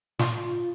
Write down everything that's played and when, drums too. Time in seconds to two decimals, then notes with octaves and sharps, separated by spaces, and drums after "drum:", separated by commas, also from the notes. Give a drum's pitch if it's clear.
0.19 F4, drum: snare